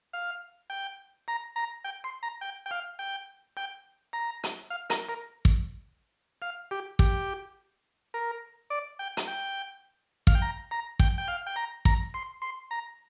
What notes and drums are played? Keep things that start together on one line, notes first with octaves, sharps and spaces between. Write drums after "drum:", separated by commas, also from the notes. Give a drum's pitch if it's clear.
F5
G5
A#5
A#5
G5
C6
A#5
G5
G5
F5
G5
G5
A#5
drum: hi-hat
F5
A#4, drum: hi-hat
A#4
drum: kick
F5
G4
G4, drum: kick
A#4
D5
G5
drum: hi-hat
G5
F5, drum: kick
G5
A#5
A#5
G5, drum: kick
G5
F5
G5
A#5
A#5, drum: kick
C6
C6
A#5